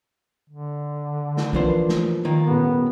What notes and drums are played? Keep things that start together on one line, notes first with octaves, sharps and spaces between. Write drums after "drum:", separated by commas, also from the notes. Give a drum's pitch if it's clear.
D3
drum: snare
E3 F3 A#3 D4 B4 C5, drum: kick
drum: snare
D#3 A#3 F4
D#1 D#2 B3 A#4